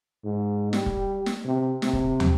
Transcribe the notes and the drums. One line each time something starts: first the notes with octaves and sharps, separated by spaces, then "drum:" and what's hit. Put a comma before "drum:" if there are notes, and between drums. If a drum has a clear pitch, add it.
G#2
G3, drum: snare
drum: kick
drum: snare
C3
C3, drum: snare
drum: kick
drum: tom